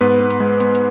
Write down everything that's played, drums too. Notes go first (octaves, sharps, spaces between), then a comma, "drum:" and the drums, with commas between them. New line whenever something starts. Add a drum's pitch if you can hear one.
G#2 B3 B4
B3
drum: hi-hat
G#3
B3, drum: hi-hat
drum: hi-hat